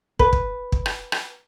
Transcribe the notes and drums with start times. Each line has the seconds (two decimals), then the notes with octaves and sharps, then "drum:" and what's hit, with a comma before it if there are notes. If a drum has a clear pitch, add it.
0.19 B4, drum: kick
0.33 drum: kick
0.72 drum: kick
0.86 drum: rim click
1.12 drum: rim click